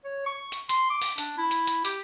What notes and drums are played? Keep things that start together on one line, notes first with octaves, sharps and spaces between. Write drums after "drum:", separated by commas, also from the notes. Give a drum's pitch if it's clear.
C#5
C#6
drum: hi-hat
C6, drum: hi-hat
D6
drum: open hi-hat
D4, drum: hi-hat
E4
drum: hi-hat
drum: hi-hat
G4, drum: hi-hat